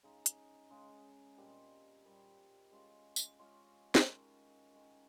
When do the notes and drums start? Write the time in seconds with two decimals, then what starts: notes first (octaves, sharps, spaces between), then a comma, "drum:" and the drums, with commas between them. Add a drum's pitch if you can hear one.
0.03 C#3 G#3 D#4
0.26 drum: hi-hat
0.71 C#3 G#3 D#4
1.37 A#2 G3 C4 G4
2.05 A#2 G3 C4 G4
2.72 G#3 C#4 F4
3.16 drum: tambourine
3.39 G#3 C#4 F4
3.95 drum: snare
4.06 D#3 G#3 C#4
4.73 D#3 G#3 C#4